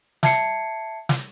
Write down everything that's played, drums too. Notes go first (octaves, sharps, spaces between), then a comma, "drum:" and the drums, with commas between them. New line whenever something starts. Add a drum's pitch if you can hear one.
E5 A5 G#6 C7 C#7, drum: snare
drum: snare